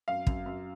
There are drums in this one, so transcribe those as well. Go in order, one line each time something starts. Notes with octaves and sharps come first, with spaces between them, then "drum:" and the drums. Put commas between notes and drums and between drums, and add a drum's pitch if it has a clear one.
F#2 F5
F#2, drum: kick
F#2